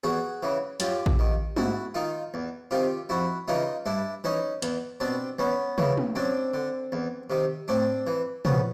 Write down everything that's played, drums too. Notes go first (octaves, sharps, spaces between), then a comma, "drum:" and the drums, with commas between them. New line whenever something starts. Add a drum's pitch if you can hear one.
E2 F#4 G#4
C#3 E3
F#2 F4 G4, drum: hi-hat
drum: kick A#1
D#3
G#2 E4 F#4, drum: tom
D#3 D#4 F4
E2
C3 D#3 F4 G4
F2 E4 F#4
C#3 E3 D#4 F4
G2 D4 E4
E3 C#4 D#4
E2, drum: hi-hat
B2 C4 D4
E2 B3 C#4
C#3 E3, drum: tom
drum: tom
F#2 C4 D4
D3
E2
C3 D#3
A2 C4 D4
E3
F2 B3 C#4, drum: tom